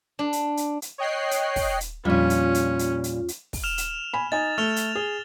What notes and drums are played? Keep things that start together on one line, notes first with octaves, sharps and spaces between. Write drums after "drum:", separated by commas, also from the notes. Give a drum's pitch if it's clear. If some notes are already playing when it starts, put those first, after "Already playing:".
D4
drum: hi-hat
drum: hi-hat
drum: hi-hat
C#5 D#5 G5 F#6 C7
drum: hi-hat
drum: kick, open hi-hat
drum: hi-hat
E2 A#2 F3 G3 C#4 F4
drum: hi-hat
drum: hi-hat
drum: hi-hat
drum: hi-hat
drum: hi-hat
drum: kick, open hi-hat
F6 E7 F7
drum: hi-hat
G#5 B5
D#4 G#5 A6
A3 F6 F7 G7
drum: hi-hat
G#4